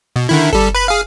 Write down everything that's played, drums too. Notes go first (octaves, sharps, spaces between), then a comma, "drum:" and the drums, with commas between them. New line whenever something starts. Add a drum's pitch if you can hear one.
B2
D3 D#3 E4
G3 A4, drum: kick G1
B4 B5
G#4 F5